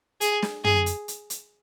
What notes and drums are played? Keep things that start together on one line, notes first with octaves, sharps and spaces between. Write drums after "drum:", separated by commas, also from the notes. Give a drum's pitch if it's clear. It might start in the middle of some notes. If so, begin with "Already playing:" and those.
G#4, drum: hi-hat
drum: snare
G#4, drum: tom
drum: hi-hat
drum: hi-hat
drum: hi-hat